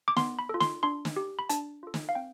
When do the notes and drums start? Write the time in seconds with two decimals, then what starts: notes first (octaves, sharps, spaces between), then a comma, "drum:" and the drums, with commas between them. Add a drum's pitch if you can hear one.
0.08 D6
0.16 B3 C6, drum: snare
0.39 B5
0.49 F4 A4
0.60 C6, drum: snare
0.83 D4 C6
1.05 drum: snare
1.16 G4
1.39 B5
1.49 D4 A5, drum: hi-hat
1.83 F4 A4
1.94 drum: snare
2.09 F5
2.15 C4 G5